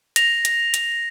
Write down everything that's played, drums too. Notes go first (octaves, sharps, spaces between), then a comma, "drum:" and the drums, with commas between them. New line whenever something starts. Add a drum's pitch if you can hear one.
A#6 F7, drum: hi-hat
drum: hi-hat
drum: hi-hat